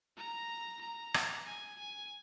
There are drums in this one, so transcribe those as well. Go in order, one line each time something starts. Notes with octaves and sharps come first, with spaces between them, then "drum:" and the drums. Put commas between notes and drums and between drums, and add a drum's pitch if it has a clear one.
A#5
A#5
drum: rim click
G#5
G#5